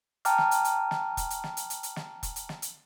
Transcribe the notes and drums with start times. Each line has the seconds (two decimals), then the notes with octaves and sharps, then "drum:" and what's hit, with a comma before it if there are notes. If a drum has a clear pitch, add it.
0.25 G5 A5 A#5 D6 F6, drum: hi-hat
0.38 drum: snare
0.51 drum: hi-hat
0.65 drum: hi-hat
0.91 drum: snare
1.17 drum: kick E1, hi-hat
1.30 drum: hi-hat
1.44 drum: snare
1.57 drum: hi-hat
1.70 drum: hi-hat
1.83 drum: hi-hat
1.96 drum: snare
2.23 drum: kick E1, hi-hat
2.36 drum: hi-hat
2.49 drum: snare
2.62 drum: hi-hat